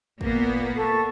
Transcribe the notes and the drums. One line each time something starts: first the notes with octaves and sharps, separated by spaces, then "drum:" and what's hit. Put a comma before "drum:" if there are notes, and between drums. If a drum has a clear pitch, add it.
A#2 A#3 B3, drum: kick
A4 C#6